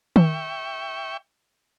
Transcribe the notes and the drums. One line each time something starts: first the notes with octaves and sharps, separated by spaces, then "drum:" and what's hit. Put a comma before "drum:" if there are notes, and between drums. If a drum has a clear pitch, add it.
E5 G5 C#6, drum: tom D#3